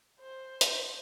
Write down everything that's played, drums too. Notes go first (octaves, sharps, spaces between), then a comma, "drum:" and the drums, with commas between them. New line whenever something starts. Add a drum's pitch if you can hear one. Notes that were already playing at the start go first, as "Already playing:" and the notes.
C5
drum: hi-hat